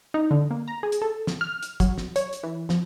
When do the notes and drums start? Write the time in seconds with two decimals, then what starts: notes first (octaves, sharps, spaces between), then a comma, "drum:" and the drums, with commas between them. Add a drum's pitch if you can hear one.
0.14 D#4
0.31 D3
0.51 A#3
0.68 A#5
0.83 G#4
0.92 drum: hi-hat
1.02 A4
1.27 drum: snare
1.41 F6
1.62 drum: hi-hat
1.80 F#3, drum: kick, hi-hat
1.98 drum: snare
2.16 C#5, drum: hi-hat
2.33 drum: hi-hat
2.43 E3
2.69 F3, drum: snare